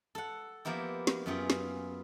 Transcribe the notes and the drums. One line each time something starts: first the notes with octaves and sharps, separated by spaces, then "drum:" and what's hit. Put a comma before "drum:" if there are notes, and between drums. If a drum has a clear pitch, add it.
A4 F#5
F3 A#3 B3 E4 G4
drum: snare
F#2 B3 F4 G#4 G5
drum: snare